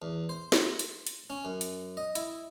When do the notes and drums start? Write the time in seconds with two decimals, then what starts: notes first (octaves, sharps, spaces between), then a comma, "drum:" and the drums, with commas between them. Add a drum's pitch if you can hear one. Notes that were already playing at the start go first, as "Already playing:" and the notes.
0.02 E2
0.29 C5
0.52 drum: snare
0.79 drum: hi-hat
1.07 drum: hi-hat
1.30 C#4
1.45 F#2
1.61 drum: hi-hat
1.97 D#5
2.15 E4, drum: hi-hat